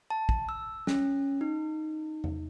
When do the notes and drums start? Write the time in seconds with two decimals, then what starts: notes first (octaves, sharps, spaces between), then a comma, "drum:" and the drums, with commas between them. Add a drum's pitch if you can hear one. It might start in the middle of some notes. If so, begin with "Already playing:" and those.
0.10 A5
0.29 drum: kick
0.49 E6
0.87 C#4, drum: snare
1.41 D#4
2.24 drum: tom E2